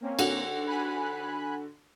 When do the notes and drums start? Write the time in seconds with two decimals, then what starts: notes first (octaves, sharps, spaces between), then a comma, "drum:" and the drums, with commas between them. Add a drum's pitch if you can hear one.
0.01 A#3 C4 C#4
0.19 D3 F#4, drum: cymbal
0.66 G#5 B5 F#6